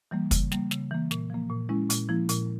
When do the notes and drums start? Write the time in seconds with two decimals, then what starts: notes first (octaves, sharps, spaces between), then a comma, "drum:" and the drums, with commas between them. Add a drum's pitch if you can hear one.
0.11 E3 G3 A#3
0.31 C#3, drum: kick, hi-hat
0.52 G3 A#3, drum: snare
0.71 C#3, drum: snare
0.91 E3 A#3
1.11 A#2, drum: snare
1.30 F3 A#3
1.50 A#2
1.69 G#3 C#4 E4
1.90 A#2, drum: hi-hat
2.09 F3 A#3 E4
2.29 A#2, drum: hi-hat